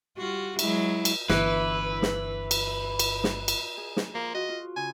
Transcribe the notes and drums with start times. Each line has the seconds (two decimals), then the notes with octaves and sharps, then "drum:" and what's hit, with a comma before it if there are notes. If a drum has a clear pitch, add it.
0.18 G3 F4 F#4
0.59 F#3 G#3 E4, drum: cymbal
1.05 drum: cymbal
1.29 G1 E3 B4, drum: snare
2.02 drum: snare
2.51 drum: cymbal
2.99 drum: cymbal
3.24 drum: snare
3.48 drum: cymbal
3.77 G#4
3.97 drum: snare
4.15 F3 A#3
4.34 F#4 D#5
4.49 F4
4.76 C#3 G#5